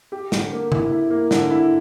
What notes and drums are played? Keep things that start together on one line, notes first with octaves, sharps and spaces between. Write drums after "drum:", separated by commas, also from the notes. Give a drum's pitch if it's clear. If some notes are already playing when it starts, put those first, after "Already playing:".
G4
D3, drum: snare
A#3
E4, drum: tom C#3
E4
A#3
D3, drum: snare
E4